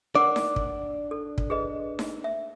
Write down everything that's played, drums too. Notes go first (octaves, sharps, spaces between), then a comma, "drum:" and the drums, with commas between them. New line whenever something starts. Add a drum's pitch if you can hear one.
D4 A#4 D5 F#5 D6
drum: snare D#4
drum: kick
A4
drum: kick
G#4 B4 D#5
drum: snare D#4
E5